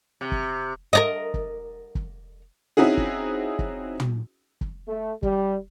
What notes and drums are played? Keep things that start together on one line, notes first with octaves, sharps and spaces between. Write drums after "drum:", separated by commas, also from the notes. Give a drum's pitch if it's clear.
C3
drum: kick
A#4 D5 D#5
drum: kick
drum: kick
C4 C#4 D#4 E4 F#4 G#4
drum: kick
drum: kick
drum: tom
drum: kick
A3
G3, drum: kick